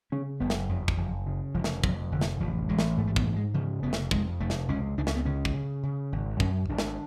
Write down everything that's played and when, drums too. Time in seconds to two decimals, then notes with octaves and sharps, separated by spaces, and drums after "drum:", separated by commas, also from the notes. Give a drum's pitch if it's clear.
0.12 C#3 C#4
0.40 F#1 B3
0.50 drum: snare
0.69 F2 F#3
0.88 drum: kick
0.97 F#1 F3
1.26 C#3
1.54 F1 F3
1.64 drum: snare
1.84 F2 F#3, drum: kick
2.12 F1 D3
2.21 drum: snare
2.40 A1 F3
2.69 A1 G#3
2.79 drum: snare
2.97 G#2 A3
3.07 A3
3.16 B3, drum: kick
3.26 G#2
3.36 G#3
3.54 C#3 F3
3.83 F1 B3
3.93 drum: snare
4.11 F2 G#3, drum: kick
4.40 F1 A3
4.50 drum: snare
4.68 C#2 C#4
4.97 C#2 D4
5.07 C#4, drum: snare
5.15 B3
5.25 C#3 C#4
5.45 drum: kick
5.54 C#3
5.83 C#3
6.12 G#1
6.40 F#2 C#4, drum: kick
6.69 G#1 D4
6.78 drum: snare